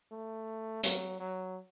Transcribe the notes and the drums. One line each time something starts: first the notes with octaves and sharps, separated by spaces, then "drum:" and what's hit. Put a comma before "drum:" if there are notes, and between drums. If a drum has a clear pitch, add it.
A3
F#3, drum: hi-hat
F#3